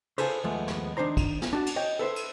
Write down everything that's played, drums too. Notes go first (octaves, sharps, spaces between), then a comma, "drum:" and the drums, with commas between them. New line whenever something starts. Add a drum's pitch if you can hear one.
F4 F#4 G#4 A4 B4 C5, drum: cymbal
D#2 F3 G#3 A3 B3
drum: snare
D#3 D4 D#4 C5 A#5
drum: kick, cymbal
drum: snare
D4 F#4 D5
drum: cymbal
C#5 D#5 G5
A4 B4 C5 E5
drum: cymbal